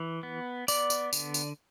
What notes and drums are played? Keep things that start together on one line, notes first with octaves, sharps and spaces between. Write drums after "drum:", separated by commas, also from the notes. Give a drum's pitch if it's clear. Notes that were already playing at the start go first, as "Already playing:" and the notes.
Already playing: E3
B3
B3 D5 D6, drum: tambourine
drum: tambourine
D3, drum: tambourine
drum: tambourine